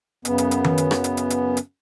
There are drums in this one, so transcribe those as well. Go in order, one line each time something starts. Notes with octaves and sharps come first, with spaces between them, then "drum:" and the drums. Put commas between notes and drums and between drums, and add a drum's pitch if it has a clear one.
F#2 C#3 B3, drum: hi-hat
drum: hi-hat
drum: hi-hat
drum: tom D#3
drum: hi-hat
drum: rim click
drum: hi-hat
drum: hi-hat
drum: hi-hat
drum: hi-hat